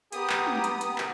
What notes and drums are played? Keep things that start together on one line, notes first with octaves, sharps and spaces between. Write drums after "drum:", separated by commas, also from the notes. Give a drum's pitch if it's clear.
B3 G4 A#5 D#6, drum: hi-hat
drum: clap
drum: tom
drum: hi-hat
drum: hi-hat
drum: clap